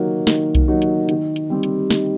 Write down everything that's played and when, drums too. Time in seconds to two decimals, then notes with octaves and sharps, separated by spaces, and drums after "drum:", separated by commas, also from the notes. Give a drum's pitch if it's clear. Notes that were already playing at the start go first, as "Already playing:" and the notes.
Already playing: D#3 F#3 A#3 D#4 F#4
0.27 D#3, drum: snare
0.55 drum: kick B1, hi-hat
0.68 F#3 A#3 D#4 F#4
0.82 drum: hi-hat
1.09 D#3, drum: hi-hat
1.36 drum: hi-hat
1.50 G3 C4
1.63 drum: hi-hat
1.90 D#3, drum: snare